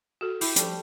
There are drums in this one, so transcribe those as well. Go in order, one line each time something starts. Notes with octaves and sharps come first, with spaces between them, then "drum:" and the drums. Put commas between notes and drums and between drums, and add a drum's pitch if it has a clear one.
F#4 A4
E4 G4, drum: open hi-hat
F3 G3 A3, drum: hi-hat